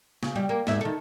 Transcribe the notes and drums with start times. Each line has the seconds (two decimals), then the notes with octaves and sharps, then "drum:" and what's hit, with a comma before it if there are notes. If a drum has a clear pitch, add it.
0.23 C#3, drum: snare
0.36 G3
0.49 A#3
0.67 D#2 G#2 E5, drum: snare
0.81 D#3 A4